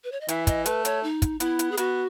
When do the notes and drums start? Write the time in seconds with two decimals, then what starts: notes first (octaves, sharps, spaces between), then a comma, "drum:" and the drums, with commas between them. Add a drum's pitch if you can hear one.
0.04 B4
0.12 C#5
0.21 D#5
0.28 E3 E5, drum: hi-hat
0.47 D#5, drum: kick, hi-hat
0.66 A3 B4, drum: hi-hat
0.85 C#5, drum: hi-hat
1.03 D#4
1.22 drum: kick, hi-hat
1.40 B3 E4, drum: hi-hat
1.59 drum: hi-hat
1.72 G#4
1.77 B3 F#4, drum: hi-hat